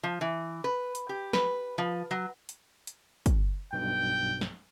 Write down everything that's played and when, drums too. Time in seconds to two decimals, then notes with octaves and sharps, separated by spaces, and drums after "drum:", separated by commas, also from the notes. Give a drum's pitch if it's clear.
0.03 F3
0.21 E3
0.64 B4
0.95 drum: hi-hat
1.09 G4
1.33 B4, drum: snare
1.78 F3
2.11 F#3
2.49 drum: hi-hat
2.87 drum: hi-hat
3.26 drum: kick, hi-hat
3.73 B1 G2 B2 G5
4.41 drum: snare